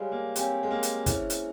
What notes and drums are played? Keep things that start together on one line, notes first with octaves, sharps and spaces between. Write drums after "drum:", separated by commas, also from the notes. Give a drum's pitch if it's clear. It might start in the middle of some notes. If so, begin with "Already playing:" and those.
Already playing: G3 G#3 G4 C#5 F5 G#5
A#3
C4 G4 C#5 F5 G#5, drum: hi-hat
G#3
A#3
drum: hi-hat
C#4 E4 G#4 C5 E5, drum: kick, hi-hat
drum: hi-hat